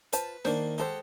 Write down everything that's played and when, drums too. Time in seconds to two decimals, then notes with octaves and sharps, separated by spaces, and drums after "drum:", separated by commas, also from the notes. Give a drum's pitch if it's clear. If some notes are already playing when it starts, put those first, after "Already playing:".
0.13 F4 B4 C5 A5, drum: hi-hat
0.45 D#3 A#3 D4 C5, drum: snare
0.78 G#3 G4 A4 C5 F#5